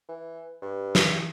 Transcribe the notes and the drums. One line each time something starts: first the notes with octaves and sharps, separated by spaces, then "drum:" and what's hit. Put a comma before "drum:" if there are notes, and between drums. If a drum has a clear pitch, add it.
E3
G2
E3, drum: snare